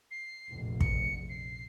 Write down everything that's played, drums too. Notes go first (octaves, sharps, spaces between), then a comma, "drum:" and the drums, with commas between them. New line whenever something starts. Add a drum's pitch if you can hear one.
C7
F1 A#1
C#7, drum: kick
C7